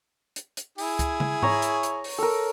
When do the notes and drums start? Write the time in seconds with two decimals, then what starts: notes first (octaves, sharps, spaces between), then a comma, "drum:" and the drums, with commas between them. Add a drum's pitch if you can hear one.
0.36 drum: hi-hat
0.57 drum: hi-hat
0.78 E4 G#4, drum: open hi-hat
0.99 drum: kick C#2, hi-hat
1.20 drum: tom
1.43 C#5 A#5, drum: tom G#2
1.62 drum: hi-hat
1.83 drum: hi-hat
2.04 drum: open hi-hat
2.18 A4 A#4